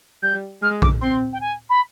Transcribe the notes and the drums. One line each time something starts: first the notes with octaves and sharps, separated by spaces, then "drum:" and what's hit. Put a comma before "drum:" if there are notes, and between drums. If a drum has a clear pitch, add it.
G3 G6
G#3 F6
D6, drum: kick A#1
C4 C6
G5
G#5
B5